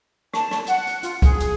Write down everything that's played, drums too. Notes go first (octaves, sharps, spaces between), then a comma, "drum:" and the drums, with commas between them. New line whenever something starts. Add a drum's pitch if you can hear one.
A5, drum: rim click
drum: rim click
F#5, drum: hi-hat
drum: hi-hat
F4, drum: hi-hat
G#4, drum: kick C2, hi-hat
drum: hi-hat